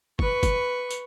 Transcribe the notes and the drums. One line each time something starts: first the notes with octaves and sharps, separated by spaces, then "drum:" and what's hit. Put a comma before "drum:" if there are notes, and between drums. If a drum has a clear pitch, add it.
B4 C#6, drum: kick
drum: kick, tambourine
drum: tambourine